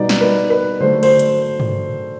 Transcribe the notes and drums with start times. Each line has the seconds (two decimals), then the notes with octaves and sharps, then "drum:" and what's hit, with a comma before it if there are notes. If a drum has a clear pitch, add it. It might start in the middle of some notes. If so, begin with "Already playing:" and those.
Already playing: B2 G3 B3 D#4 D5
0.09 drum: snare
0.21 B4
0.50 B4
0.80 D3 F#3 A3 C5
1.03 C5, drum: cymbal
1.19 drum: hi-hat
1.60 drum: tom